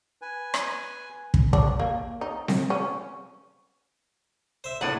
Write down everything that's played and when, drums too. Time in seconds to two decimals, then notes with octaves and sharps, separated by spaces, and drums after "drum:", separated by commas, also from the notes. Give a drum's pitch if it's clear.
0.22 B4 G#5
0.54 drum: rim click
1.34 drum: kick
1.53 D4, drum: kick
1.80 A#3
2.21 D#4
2.48 drum: snare C4
2.70 C#4
4.64 C5 E5
4.81 A#1 A2 C3 F#5